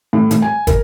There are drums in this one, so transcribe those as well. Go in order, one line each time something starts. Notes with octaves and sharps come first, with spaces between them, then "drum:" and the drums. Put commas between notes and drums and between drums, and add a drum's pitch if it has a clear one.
A2
A2, drum: hi-hat
G#5
A#4, drum: kick, hi-hat